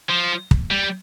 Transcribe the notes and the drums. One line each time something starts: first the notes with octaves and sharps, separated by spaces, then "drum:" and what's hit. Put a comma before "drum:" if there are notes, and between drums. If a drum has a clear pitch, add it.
F3
drum: kick
G3